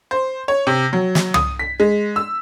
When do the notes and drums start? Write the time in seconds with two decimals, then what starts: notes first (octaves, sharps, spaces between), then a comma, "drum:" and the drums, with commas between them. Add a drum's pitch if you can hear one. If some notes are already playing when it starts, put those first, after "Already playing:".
0.11 C5
0.48 C#5
0.67 C3
0.93 F#3
1.15 drum: snare
1.34 D#6, drum: tom
1.59 B6
1.80 G#3
2.16 E6